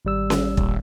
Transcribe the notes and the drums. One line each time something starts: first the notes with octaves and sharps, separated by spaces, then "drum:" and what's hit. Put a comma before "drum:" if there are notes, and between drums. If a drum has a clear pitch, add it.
G#1 G3 E6
drum: snare C#4
D#1, drum: kick